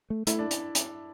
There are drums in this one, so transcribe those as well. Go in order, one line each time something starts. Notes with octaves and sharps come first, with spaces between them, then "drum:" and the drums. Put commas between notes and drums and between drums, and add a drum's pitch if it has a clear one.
A3
A3 E4, drum: hi-hat
D4
drum: hi-hat
drum: hi-hat